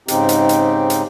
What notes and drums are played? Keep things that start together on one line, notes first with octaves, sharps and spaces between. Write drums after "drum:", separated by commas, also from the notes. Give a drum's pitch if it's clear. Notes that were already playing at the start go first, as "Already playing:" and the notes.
G#2 C#3 C4 D#4 G4, drum: hi-hat
drum: hi-hat
drum: hi-hat
drum: hi-hat